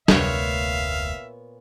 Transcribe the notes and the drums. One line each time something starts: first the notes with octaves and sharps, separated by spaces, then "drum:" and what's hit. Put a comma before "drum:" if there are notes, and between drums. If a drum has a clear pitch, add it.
F1 D2 A#2 B3 C#5 E5 F5, drum: snare